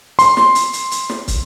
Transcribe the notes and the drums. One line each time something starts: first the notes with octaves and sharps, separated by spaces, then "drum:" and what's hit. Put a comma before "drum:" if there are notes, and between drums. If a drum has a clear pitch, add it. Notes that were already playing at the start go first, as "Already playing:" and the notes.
C6, drum: hi-hat
drum: snare
drum: hi-hat
drum: hi-hat
drum: hi-hat
drum: snare
drum: kick, hi-hat